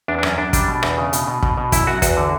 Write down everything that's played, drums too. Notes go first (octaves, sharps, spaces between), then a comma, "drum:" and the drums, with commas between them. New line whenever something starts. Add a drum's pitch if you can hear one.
E2 D4
D4
F#2 C#4, drum: rim click
F#2 D4
G3 D4, drum: kick, hi-hat
B2
E2, drum: rim click
C#3
B2, drum: hi-hat
B2
B2, drum: kick
B2
F#2 E4, drum: kick, hi-hat
F#2 F#4
E2 F#4, drum: kick, hi-hat
D3